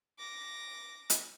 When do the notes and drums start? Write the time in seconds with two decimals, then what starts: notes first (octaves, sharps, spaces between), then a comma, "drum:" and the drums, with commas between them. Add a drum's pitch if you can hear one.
0.19 D6 A#6
1.10 drum: hi-hat